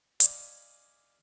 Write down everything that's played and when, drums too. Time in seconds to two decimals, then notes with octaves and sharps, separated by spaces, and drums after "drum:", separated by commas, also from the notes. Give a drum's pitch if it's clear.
0.20 D5 D#5 F5 G#5 B5, drum: hi-hat